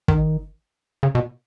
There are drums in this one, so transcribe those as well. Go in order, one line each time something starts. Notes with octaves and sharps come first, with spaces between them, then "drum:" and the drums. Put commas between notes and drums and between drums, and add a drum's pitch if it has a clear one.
D#3, drum: kick
C#3
B2